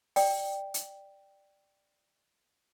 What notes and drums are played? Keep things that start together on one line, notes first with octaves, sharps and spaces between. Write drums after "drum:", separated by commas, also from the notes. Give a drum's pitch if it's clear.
D5 G5, drum: open hi-hat
drum: hi-hat